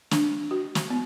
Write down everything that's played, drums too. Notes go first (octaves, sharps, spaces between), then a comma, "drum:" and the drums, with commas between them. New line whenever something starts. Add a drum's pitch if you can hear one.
D4, drum: snare
F#4
drum: snare
B3